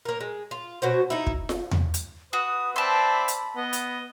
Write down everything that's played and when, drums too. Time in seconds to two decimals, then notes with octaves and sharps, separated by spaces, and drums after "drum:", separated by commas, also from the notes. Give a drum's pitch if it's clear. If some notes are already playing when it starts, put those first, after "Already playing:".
0.05 A#3 A#4
0.21 G#3
0.51 F4
0.82 B2 F#4 C5
1.10 D#4 E4
1.27 drum: kick
1.49 drum: snare F4
1.71 drum: tom E2
1.94 drum: hi-hat
2.33 F#4 B4 D#6
2.76 C4 D5 E5 A5 B5 C6
3.28 drum: hi-hat
3.57 B3 D#5
3.73 drum: hi-hat